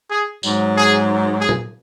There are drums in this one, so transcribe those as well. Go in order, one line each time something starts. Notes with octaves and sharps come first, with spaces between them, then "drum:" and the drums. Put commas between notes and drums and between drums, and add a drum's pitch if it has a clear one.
G#4
G#2 F#3, drum: tambourine
G#4
G#4
drum: tom A#2